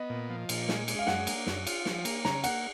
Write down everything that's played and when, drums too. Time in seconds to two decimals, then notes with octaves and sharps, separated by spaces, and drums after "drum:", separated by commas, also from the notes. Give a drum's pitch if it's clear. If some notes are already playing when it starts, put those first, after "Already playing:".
Already playing: B3 D#5
0.10 A#2
0.30 F3
0.49 A#2, drum: cymbal
0.68 G#3, drum: snare
0.88 G#3, drum: cymbal
0.99 F5
1.07 F#2 F#5, drum: snare
1.27 A#3, drum: cymbal
1.47 F#2, drum: snare
1.67 F4, drum: cymbal
1.86 F3, drum: snare
2.05 A#3, drum: cymbal
2.25 C#3 A#5, drum: snare
2.44 A#3 F#5, drum: cymbal